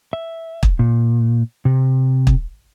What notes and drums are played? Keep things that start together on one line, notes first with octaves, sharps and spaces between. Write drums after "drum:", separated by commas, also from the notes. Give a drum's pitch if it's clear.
E5
drum: kick
A#2
C3
drum: kick